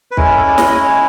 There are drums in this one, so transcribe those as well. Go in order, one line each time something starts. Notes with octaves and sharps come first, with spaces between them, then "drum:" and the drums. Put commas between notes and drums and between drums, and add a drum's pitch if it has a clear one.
B4
G#3 C#4 E4 A#4, drum: kick
A#4
A4
D5
D#5, drum: snare
D#5
C#5